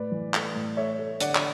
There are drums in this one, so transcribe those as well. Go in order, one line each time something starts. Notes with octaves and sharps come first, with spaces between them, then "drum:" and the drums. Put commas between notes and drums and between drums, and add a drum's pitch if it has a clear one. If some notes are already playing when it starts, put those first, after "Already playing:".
Already playing: A2 B4 D5
E3
A3, drum: clap
A2
A3 C#5 E5
A3
D3 D5 F#5, drum: hi-hat
drum: clap